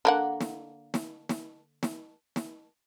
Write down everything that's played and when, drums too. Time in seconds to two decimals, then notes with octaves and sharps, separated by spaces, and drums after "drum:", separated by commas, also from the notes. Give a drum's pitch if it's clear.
0.05 D3 A#3 F#5
0.41 drum: snare
0.94 drum: snare
1.29 drum: snare
1.83 drum: snare
2.36 drum: snare